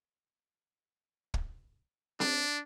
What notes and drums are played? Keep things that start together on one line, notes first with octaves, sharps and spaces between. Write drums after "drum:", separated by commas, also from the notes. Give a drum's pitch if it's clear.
drum: kick
D4, drum: snare C4